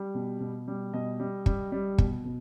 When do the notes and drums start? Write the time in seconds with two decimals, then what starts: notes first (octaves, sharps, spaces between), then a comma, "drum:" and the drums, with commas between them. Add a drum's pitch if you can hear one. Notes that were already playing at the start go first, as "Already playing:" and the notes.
Already playing: G3
0.15 B2
0.40 B2
0.68 G3
0.93 B2 D#5
1.20 G3
1.46 G3, drum: kick
1.72 G3
1.98 B2, drum: kick
2.24 B2